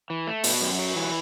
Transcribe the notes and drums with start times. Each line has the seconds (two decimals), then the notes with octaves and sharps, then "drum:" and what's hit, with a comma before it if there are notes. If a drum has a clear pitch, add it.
0.10 E3
0.27 A3
0.44 B2, drum: open hi-hat
0.61 F#2
0.79 F#3
0.96 E3